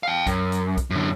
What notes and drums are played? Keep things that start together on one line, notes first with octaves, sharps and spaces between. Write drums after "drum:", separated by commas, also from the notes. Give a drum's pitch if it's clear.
F5 G5
F#2, drum: kick, hi-hat
drum: hi-hat
drum: kick, hi-hat
F#2 D3